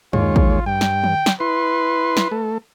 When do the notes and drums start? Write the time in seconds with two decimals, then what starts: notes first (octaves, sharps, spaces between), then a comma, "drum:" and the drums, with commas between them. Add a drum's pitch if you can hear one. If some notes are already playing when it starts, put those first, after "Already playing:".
0.13 D#2 G#3 F4 C#5, drum: tom
0.36 drum: kick
0.66 G2 G5
0.81 drum: snare
1.04 drum: tom
1.26 drum: snare
1.40 E4 B4 C6
2.17 drum: snare
2.31 A3 A4